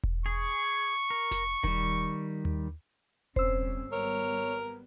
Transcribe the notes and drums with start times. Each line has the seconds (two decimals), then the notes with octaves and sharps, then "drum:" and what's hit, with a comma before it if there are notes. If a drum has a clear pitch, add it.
0.03 drum: kick E1
0.26 G#4 C#6
1.10 A#4
1.31 drum: snare F1
1.64 D#3 G3, drum: kick E1
2.45 drum: tom D#2
3.36 G1 C4 C#4 C5 E6, drum: kick E1
3.92 G#1 G3 B3 A#4 C#5